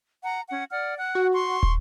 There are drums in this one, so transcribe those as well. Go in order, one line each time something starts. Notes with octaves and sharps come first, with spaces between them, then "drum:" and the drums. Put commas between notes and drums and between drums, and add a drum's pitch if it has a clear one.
F#5 A#5
C#4 F#5
D5 F#5 F6
F#5 F#6
F#4
C6 C#6
drum: kick